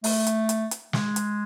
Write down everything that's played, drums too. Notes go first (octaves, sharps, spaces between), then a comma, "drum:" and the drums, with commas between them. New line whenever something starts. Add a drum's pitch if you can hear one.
A3, drum: open hi-hat
drum: hi-hat
drum: hi-hat
drum: hi-hat
G#3, drum: snare
drum: hi-hat